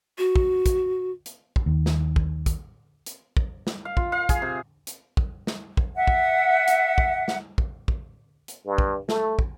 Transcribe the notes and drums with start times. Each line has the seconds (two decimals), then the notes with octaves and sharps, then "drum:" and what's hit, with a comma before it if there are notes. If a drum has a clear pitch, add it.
0.18 F#4
0.36 drum: kick
0.66 drum: kick, hi-hat
1.26 drum: hi-hat
1.56 drum: kick
1.66 D#2
1.86 drum: snare
2.16 drum: kick
2.46 drum: kick, hi-hat
3.06 drum: hi-hat
3.37 drum: kick
3.67 drum: snare
3.85 F5
3.97 F4, drum: kick
4.12 F5
4.29 G#4, drum: kick, hi-hat
4.42 C3
4.87 drum: hi-hat
5.17 drum: kick
5.47 drum: snare
5.77 drum: kick
5.97 E5 F#5
6.07 drum: kick
6.68 drum: hi-hat
6.98 drum: kick
7.28 drum: snare
7.58 drum: kick
7.88 drum: kick
8.48 drum: hi-hat
8.66 G2
8.78 drum: kick
9.09 A3, drum: snare
9.39 drum: kick